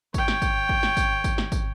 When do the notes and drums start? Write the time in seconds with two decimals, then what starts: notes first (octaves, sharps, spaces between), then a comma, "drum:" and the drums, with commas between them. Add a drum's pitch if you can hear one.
0.14 C#5 G5, drum: kick, tambourine
0.28 drum: snare
0.42 drum: kick, tambourine
0.69 drum: kick
0.83 drum: snare
0.97 drum: kick, tambourine
1.24 drum: kick, tambourine
1.38 drum: snare
1.52 drum: kick, tambourine